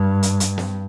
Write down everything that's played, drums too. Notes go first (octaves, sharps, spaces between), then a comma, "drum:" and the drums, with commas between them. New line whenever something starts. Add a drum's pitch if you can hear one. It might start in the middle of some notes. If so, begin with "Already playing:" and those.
Already playing: G2
drum: hi-hat
drum: hi-hat
drum: snare